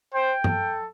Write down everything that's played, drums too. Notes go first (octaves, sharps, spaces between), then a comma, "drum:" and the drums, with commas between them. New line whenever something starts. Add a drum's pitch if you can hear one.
C5 G5
A4, drum: tom